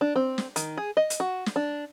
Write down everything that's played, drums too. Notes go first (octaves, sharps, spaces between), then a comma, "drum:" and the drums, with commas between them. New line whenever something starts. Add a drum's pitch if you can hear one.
D4
C4
drum: snare
D#3, drum: hi-hat
G#4
D#5
drum: hi-hat
F#4
drum: snare
D4